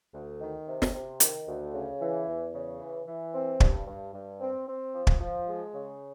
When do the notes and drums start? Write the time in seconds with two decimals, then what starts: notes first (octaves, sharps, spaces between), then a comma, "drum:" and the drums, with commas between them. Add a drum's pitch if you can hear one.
0.14 D2
0.41 D#3
0.68 C3
0.82 drum: snare
0.94 C3
1.20 D#3, drum: hi-hat
1.47 D2
1.74 C#3
2.01 E3
2.28 E2
2.55 C#3
2.80 E3
3.07 E3
3.34 C4
3.60 G2, drum: kick
3.87 G2
4.14 G2
4.40 C4
4.67 C4
4.94 F3
5.07 drum: kick
5.20 F3
5.47 G#3
5.74 C#3